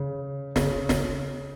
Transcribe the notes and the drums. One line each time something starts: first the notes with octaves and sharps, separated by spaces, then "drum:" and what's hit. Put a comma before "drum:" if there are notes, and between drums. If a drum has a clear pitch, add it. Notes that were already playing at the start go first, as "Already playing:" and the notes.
Already playing: C#3
C#3, drum: snare
drum: snare